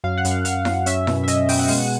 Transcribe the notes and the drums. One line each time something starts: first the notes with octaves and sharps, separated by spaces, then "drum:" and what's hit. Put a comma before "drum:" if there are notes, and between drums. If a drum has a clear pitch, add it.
F#2 F5
F#5
F#2, drum: hi-hat
F5
F#2 F5, drum: hi-hat
F#2, drum: snare E4
C#4 E5, drum: hi-hat
B2, drum: snare E4
E5
C#4 D#5, drum: hi-hat
B2 G5, drum: open hi-hat
F#5
G#3 F5, drum: open hi-hat
F#5